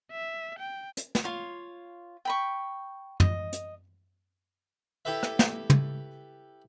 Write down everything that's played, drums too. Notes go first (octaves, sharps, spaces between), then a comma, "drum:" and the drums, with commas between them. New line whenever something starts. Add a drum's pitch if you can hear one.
E5
G5
drum: hi-hat
drum: snare
F4 C#5
G5 B5 C#6
D#5, drum: tom
drum: hi-hat
E4 G4 A4 B4 E5
drum: rim click
drum: snare
drum: tom